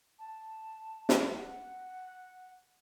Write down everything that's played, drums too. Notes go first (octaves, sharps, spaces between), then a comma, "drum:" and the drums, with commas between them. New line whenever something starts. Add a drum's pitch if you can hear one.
A5
drum: snare
F#5